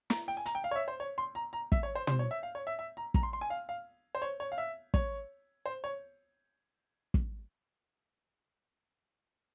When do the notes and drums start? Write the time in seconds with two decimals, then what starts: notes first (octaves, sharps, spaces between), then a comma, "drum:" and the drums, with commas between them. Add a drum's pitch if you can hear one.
0.10 A#5, drum: snare
0.28 G5
0.37 G#5
0.46 A#5, drum: hi-hat
0.55 G5
0.64 F5
0.71 C#5
0.76 E5
0.88 C5
1.00 C#5
1.18 C6
1.35 A#5
1.53 A#5
1.72 E5, drum: kick
1.83 C#5
1.95 C5
2.07 C5, drum: tom
2.19 C#5
2.31 E5
2.43 F5
2.55 C#5
2.67 E5
2.79 E5
2.97 A#5
3.14 A#5, drum: kick
3.23 C6
3.33 C6
3.41 G#5
3.50 F5
3.69 F5
4.15 C5
4.22 C#5
4.40 C#5
4.52 F5
4.58 E5
4.94 C#5, drum: kick
5.66 C5
5.84 C#5
7.14 drum: kick